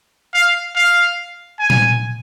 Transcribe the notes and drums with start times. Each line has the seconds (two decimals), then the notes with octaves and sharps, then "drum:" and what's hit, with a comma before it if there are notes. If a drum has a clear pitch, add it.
0.34 F5
0.76 F5
1.59 G#5
1.70 drum: tom A#2